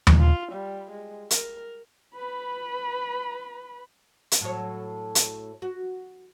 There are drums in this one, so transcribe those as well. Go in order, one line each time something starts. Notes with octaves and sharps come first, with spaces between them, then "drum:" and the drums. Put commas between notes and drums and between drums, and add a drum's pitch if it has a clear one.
drum: tom D#2
F4
G3
G#3
A#4, drum: hi-hat
B4 B5
drum: hi-hat
A2 F#3 C#5
drum: hi-hat
F#4